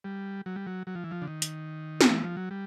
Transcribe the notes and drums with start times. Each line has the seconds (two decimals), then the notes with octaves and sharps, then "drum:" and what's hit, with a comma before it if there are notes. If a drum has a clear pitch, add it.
0.04 G3
0.46 F#3
0.56 G3
0.67 F#3
0.87 F#3
0.95 F3
1.04 E3
1.11 F3
1.22 D3
1.28 D#3
1.42 drum: hi-hat
2.01 drum: snare
2.10 E3
2.24 F3
2.37 F#3
2.51 G3